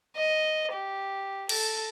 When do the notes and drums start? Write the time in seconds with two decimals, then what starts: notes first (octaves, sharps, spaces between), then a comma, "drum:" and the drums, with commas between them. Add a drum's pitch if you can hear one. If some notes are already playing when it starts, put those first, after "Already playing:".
0.16 D#5
0.72 G4
1.49 A4, drum: cymbal